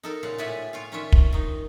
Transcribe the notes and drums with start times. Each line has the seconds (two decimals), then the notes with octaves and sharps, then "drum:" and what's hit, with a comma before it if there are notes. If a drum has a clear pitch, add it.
0.03 D#4 A4 A#4
0.23 A#2 C#3 G#3 F5 F#5
0.38 A2 F4 D5 E5 F#5 G#5
0.73 F4 C#5 F5
0.92 D#3 C#4 D4 F4 C#5 E5
1.12 drum: kick
1.32 D#3 D#4